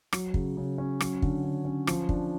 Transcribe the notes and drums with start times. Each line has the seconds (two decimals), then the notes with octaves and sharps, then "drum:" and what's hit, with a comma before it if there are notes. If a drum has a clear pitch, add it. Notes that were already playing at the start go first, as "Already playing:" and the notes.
0.13 F#3, drum: rim click
0.34 C#3, drum: kick
0.57 C#3
0.78 C#4
1.00 F#3, drum: rim click
1.22 D3, drum: kick
1.44 D3
1.65 C#4
1.87 F3, drum: rim click
2.09 D4, drum: kick